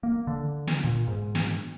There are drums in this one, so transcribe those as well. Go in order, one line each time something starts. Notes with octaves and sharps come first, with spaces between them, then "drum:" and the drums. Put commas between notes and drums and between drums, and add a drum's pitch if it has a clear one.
A#3
D3
drum: snare
A#2
G#2
drum: snare